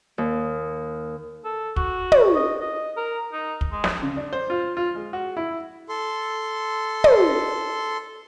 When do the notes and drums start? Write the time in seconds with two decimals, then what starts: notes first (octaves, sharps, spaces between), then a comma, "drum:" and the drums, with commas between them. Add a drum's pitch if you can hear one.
0.18 D#2
1.44 A4
1.76 F#4, drum: kick
2.12 drum: tom
2.35 D#5
2.61 D#5
2.97 A#4
3.33 D#4
3.61 drum: kick
3.72 G#3
3.84 drum: snare
4.02 C#3
4.17 D4
4.33 C5
4.50 F4
4.77 F4
4.95 G#3
5.13 F#4
5.37 E4
5.89 A4 C6
7.04 drum: tom